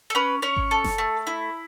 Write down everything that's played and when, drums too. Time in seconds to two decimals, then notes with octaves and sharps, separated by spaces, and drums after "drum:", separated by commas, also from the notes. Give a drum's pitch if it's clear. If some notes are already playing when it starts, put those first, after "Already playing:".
0.10 A4
0.15 C#4 B4
0.42 C#4 C#5
0.57 drum: kick G#1
0.71 A4
0.84 drum: snare F#1
0.98 A3
1.27 E4